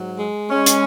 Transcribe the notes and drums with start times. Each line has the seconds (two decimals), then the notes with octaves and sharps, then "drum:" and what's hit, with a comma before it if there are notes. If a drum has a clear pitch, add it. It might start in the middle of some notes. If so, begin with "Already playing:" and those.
Already playing: G#2 F#3
0.18 G#3
0.50 G#3 C#4
0.66 drum: hi-hat